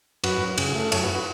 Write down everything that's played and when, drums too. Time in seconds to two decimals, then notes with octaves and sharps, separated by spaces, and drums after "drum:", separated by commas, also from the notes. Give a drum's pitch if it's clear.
0.24 F#2 F#4 B4, drum: cymbal
0.41 F#2
0.58 C#3, drum: cymbal
0.75 A3
0.92 F#2 A4 C#5, drum: cymbal
1.03 F#4 B4
1.15 F#4 B4